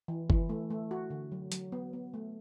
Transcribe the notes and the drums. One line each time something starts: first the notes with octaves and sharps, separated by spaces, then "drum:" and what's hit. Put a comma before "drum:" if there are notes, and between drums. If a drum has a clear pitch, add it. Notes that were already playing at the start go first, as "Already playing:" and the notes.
E3
E3, drum: kick F#1
A3
A3
F#4
D3
F#3
F#3, drum: hi-hat
B3
B3
A3